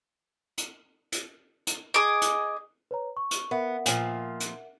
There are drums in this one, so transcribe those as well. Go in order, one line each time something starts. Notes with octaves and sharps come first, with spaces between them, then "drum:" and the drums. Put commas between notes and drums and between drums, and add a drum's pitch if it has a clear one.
drum: hi-hat
drum: hi-hat
drum: hi-hat
G#4 D#5 D6
drum: hi-hat
B4 C#5 A#5
C#6
drum: hi-hat
B3 A#4 E5 F#5
A#2 F3, drum: hi-hat
drum: hi-hat